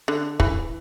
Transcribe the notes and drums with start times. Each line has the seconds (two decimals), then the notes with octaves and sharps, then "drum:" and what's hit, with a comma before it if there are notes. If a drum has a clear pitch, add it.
0.08 D3
0.40 E3, drum: kick